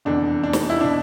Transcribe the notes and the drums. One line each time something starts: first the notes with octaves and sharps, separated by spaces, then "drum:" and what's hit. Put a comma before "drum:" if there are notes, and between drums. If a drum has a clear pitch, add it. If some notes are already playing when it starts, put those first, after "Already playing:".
F1 E2 D3 D4
D4
drum: snare
E4
B2 D4